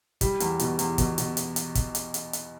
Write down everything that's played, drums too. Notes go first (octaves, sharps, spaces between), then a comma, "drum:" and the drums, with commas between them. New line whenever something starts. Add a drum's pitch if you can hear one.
G3, drum: kick, hi-hat
E2, drum: hi-hat
B2, drum: hi-hat
E2, drum: hi-hat
B2, drum: kick, hi-hat
B2, drum: hi-hat
drum: hi-hat
drum: hi-hat
drum: kick, hi-hat
drum: hi-hat
drum: hi-hat
drum: hi-hat